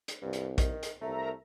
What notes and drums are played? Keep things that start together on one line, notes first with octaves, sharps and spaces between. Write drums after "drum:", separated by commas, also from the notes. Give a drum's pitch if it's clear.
drum: hi-hat
C2 G2
drum: hi-hat
D#3, drum: kick A#1, hi-hat
drum: hi-hat
C2 A3 A#4 E5 A#5